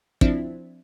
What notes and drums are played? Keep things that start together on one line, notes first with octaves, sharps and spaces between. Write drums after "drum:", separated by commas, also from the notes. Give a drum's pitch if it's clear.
F3 C4 D4 E4, drum: kick